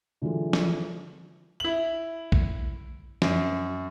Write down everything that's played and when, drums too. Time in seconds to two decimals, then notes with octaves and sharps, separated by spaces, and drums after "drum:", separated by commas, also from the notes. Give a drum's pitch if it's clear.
0.22 D3 E3 F#3 G#3 F4
0.53 drum: snare
1.60 E4 F#7
2.32 drum: kick A#1
3.22 F#2, drum: snare